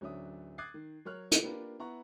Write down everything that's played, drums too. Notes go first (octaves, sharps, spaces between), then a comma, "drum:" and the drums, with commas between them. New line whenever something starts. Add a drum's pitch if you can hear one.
D1 F#3 C#4 D4 E5 D#6
D6 D#6 F#6 G#6 A6 C7
D#3
F#3 A#4 C#5 F6 F#6
drum: hi-hat
A#3 D4 F4 G4 A#4 B4
B3 E4 F#5 A#5 C#6